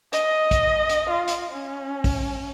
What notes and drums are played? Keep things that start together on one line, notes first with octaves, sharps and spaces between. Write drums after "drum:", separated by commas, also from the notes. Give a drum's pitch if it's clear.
D#5, drum: hi-hat
drum: kick, hi-hat
drum: hi-hat
F4
drum: hi-hat
C#4
drum: kick, open hi-hat